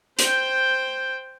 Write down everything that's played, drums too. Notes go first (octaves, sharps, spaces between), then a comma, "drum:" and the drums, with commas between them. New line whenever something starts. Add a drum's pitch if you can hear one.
C5 G5, drum: hi-hat